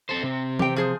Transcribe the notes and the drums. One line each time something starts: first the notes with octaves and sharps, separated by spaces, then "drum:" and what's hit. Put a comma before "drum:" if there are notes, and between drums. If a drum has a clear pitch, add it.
C4 A4 C5
C3 C4
G4 G5, drum: tom E3
F3 G#4 C5